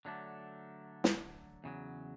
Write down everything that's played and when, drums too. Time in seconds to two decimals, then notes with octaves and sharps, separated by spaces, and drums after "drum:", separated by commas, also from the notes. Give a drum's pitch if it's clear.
0.05 D3 F#3 A3 D4
1.04 drum: snare
1.64 E2 C#3 F#3